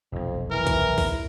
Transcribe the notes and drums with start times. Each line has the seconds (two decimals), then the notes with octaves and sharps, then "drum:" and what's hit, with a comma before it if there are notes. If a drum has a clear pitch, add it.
0.12 F1 B1 F2
0.51 E3 A#4
0.67 drum: kick, hi-hat
0.98 drum: kick, open hi-hat